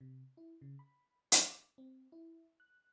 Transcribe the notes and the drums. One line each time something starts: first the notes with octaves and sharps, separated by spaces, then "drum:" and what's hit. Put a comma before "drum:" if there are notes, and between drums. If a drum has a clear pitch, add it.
C3
E4
C#3
B5
D6, drum: hi-hat
C4
E4
F#6